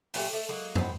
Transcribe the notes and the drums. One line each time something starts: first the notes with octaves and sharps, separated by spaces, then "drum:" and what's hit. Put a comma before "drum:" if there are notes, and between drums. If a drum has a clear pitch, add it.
A#2 F#3 A3 G4, drum: open hi-hat
A3
F#3 G#3 A#3
B3 C4, drum: tom